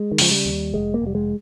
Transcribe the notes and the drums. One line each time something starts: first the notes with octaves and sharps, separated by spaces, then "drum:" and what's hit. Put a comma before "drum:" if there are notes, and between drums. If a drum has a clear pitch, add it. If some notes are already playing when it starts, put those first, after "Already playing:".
Already playing: G#3
D#3
C#3 F3, drum: open hi-hat
G3
D#2
F1 G#3
A#3
F1 G3
G#3